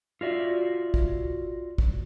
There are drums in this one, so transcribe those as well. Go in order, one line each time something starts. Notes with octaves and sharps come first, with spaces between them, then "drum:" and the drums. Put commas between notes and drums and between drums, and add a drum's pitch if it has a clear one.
F4 F#4 D5 E5
drum: kick
drum: kick